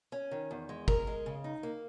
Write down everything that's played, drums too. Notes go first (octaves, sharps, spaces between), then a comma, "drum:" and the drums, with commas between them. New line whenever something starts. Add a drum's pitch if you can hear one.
C#4
D#3
E2
G#3
A#4, drum: kick
G#3
C#3
D#4
A#3